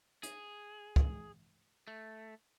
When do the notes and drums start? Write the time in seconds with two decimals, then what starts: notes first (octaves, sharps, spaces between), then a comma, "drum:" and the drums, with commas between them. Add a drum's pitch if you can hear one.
0.23 G#4, drum: hi-hat
0.96 drum: kick
1.88 A3